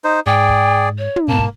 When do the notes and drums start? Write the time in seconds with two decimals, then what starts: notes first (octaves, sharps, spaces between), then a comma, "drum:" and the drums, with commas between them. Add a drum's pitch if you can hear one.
0.04 D#4 C5
0.27 G#2 G#4 D5 G5
0.49 drum: kick
0.98 C#5
1.16 drum: tom
1.28 G#2 B2 A#3 A5
1.38 drum: kick